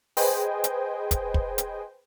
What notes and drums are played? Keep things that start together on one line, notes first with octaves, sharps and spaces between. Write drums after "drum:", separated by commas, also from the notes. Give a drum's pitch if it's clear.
G#4 B4 C5 D#5 G5 G#5, drum: open hi-hat
drum: hi-hat
drum: kick, hi-hat
drum: kick
drum: hi-hat